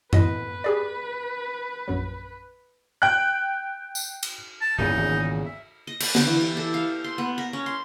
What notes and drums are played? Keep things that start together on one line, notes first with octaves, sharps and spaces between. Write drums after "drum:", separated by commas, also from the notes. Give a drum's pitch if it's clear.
A2 B4 D#5, drum: tom F#2
G4 G#4 D5
A#1 F#2 F#3
G5 F#6
drum: tambourine
drum: cymbal
A5
D1 E2 G2 A#2 C#3 E3 D#4
G#1
E5
D#5
B4, drum: cymbal
D3, drum: snare
E3
G4
A4
F5
C6
B3
A#4
C#4
C6